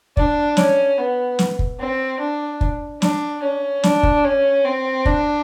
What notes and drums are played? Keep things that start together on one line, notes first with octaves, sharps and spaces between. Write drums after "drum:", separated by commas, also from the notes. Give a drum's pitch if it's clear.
D4, drum: kick
C#4, drum: snare
B3
drum: snare
drum: kick
C4
D4
drum: kick
D4, drum: snare
C#4
D4, drum: snare
drum: kick
C#4
C4
D4, drum: kick